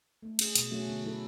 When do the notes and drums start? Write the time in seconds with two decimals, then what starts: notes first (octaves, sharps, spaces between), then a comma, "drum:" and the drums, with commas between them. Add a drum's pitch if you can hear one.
0.23 A3
0.39 C#4 G#4, drum: cymbal
0.56 B2, drum: hi-hat
0.71 F#3 A3 C#4 F#4
0.87 D3
1.04 F#3 C#4 E4 A4